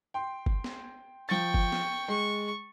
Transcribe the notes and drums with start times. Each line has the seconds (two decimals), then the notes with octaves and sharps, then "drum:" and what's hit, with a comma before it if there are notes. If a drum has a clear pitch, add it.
0.14 G5 C6
0.46 drum: kick G1
0.64 drum: snare
1.29 F3 G5 C#6 A6
1.54 drum: kick G1
1.72 drum: snare
2.08 G#3 C#6